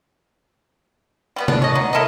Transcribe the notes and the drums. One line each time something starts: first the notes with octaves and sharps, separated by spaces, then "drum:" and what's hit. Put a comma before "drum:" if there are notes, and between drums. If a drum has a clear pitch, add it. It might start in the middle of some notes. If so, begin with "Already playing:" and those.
G3 A3 B3
D4, drum: tom C3
C#5 D#5
F#3 D#4
E4 A4 A#4 D#5